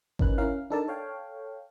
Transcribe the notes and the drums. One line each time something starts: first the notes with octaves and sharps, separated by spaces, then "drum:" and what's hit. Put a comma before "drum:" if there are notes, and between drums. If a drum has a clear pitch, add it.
C#4 D#4 A#4 B4 F#6, drum: kick G#1
C#4 E4 A#4 F5
D4 D#4 A4 A#4 D5 A5
A4 C#5 F5 G5